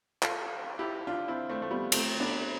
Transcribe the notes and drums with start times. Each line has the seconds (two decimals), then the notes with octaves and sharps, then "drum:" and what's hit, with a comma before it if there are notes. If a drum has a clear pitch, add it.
0.22 F4 A4, drum: clap
0.79 E4 G4
1.07 D4 F4
1.28 C4 E4
1.49 A3 C4
1.62 A3
1.71 G3 B3
1.92 A3 C4, drum: cymbal
2.20 B3 D4